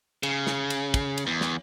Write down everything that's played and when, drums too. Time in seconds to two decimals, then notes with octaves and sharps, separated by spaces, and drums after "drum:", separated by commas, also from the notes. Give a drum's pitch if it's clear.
0.23 C#3, drum: cymbal
0.47 drum: snare
0.70 drum: cymbal
0.94 drum: kick, cymbal
1.18 drum: cymbal
1.27 E2
1.41 drum: snare